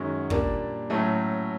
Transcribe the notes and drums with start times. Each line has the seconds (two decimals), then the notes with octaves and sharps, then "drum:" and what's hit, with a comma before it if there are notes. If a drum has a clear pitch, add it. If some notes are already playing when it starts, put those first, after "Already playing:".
Already playing: F#2 D#3 G#3 C#4 F#4
0.30 A#2 G3 A#3 D4, drum: kick
0.90 A2 F#3 A3 C#4